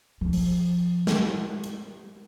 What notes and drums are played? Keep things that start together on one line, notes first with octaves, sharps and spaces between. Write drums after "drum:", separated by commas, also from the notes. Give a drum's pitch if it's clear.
F3
drum: open hi-hat
drum: snare
drum: hi-hat